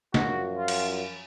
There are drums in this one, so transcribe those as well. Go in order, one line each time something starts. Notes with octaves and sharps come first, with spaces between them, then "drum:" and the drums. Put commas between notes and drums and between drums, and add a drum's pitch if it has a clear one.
F#2 F3 F#4, drum: snare
F4
drum: cymbal